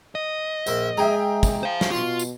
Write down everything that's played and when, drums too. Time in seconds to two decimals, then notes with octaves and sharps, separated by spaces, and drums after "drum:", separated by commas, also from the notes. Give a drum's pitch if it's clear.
0.15 D#5
0.67 A#1 A#4 E5, drum: tambourine
0.97 G#3 G#4 E5 G5 A#5
1.43 drum: kick, tambourine
1.63 C5 F5
1.81 drum: snare
1.91 B2 F4 C6 C#6
2.19 drum: tambourine